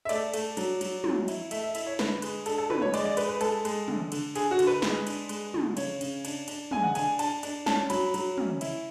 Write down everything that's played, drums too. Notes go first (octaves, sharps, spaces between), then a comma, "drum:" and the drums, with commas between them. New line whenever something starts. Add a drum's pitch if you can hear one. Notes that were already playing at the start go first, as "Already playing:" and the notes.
E5
A3 D5, drum: cymbal
A3, drum: cymbal
F#3, drum: cymbal
F#3, drum: cymbal
F#3, drum: tom
E4, drum: cymbal
A3 E5, drum: cymbal
E5
E4 E5, drum: cymbal
C#5
D3 B4, drum: snare
G#3, drum: cymbal
D4 A4, drum: cymbal
A4
D3 B4, drum: tom
C#5
G#3 D5, drum: cymbal
D5
G#3 B4, drum: cymbal
B4
G#3 A4, drum: cymbal
G#3, drum: cymbal
D3, drum: tom
D3, drum: cymbal
D3 G#4, drum: cymbal
F#4
D3, drum: cymbal
B4
G#3, drum: snare
D4, drum: cymbal
G#3, drum: cymbal
D3, drum: tom
C#3 C#5, drum: cymbal
C#3, drum: cymbal
D4, drum: cymbal
D4, drum: cymbal
G#3 G#5, drum: tom
F#5
D4 G#5, drum: cymbal
D4 A5, drum: cymbal
D4, drum: cymbal
C#4 A5, drum: snare
F#3 B5, drum: cymbal
F#3, drum: cymbal
C#4, drum: tom
E4, drum: cymbal